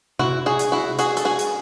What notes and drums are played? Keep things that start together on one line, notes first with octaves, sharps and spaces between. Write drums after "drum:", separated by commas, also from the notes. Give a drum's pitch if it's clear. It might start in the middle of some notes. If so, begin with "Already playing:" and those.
E4 F#4, drum: tom C3
F#4 G#4
drum: hi-hat
E4 F#4
F#4 G#4, drum: hi-hat
A4, drum: hi-hat
F#4 G#4
drum: hi-hat